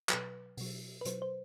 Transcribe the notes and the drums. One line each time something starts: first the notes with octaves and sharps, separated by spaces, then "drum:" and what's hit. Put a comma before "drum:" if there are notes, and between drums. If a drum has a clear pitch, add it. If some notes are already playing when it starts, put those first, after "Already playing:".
B2 F#3 B4, drum: clap
B2 F#3, drum: open hi-hat
B4
B2 F#3 C5, drum: hi-hat
C5